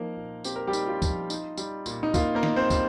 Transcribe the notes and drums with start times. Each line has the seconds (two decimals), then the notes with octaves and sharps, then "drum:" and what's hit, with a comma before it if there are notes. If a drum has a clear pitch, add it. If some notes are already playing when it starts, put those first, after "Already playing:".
Already playing: F3 A#3 D#4 A#4
0.17 A#2
0.44 C4 G4, drum: tambourine
0.56 A#4
0.67 G3 G4
0.73 D#4, drum: tambourine
0.88 F4
1.02 F3, drum: kick, tambourine
1.30 D#4, drum: tambourine
1.57 G3, drum: tambourine
1.86 A#2, drum: tambourine
2.03 D#4
2.14 A#3 F4, drum: kick, tambourine
2.35 A#3 A#4
2.43 D#4, drum: snare
2.56 C4 C5
2.70 G3, drum: kick, tambourine